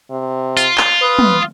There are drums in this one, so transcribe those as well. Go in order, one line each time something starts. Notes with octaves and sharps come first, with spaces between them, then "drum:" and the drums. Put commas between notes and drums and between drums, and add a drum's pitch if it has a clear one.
C3
F4, drum: tambourine
drum: clap
B4 D#6
drum: tom